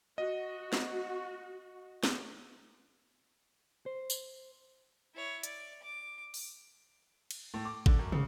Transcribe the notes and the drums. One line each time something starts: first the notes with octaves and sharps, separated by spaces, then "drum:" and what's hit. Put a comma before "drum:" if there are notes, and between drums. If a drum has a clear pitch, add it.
F#4 D#5
drum: snare
drum: snare
C5
drum: tambourine
E4 C#5
D5, drum: hi-hat
D6
drum: open hi-hat
drum: cymbal
A2
D6
D3, drum: kick G#1
F#2
C#3, drum: tom